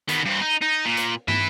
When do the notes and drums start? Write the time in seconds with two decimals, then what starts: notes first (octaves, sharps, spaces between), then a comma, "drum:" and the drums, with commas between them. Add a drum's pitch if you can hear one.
0.09 D#3 B3, drum: hi-hat
0.25 G2 C4
0.42 D#4
0.62 D#4
0.85 A#2
0.97 drum: hi-hat
1.28 B4 E5, drum: tom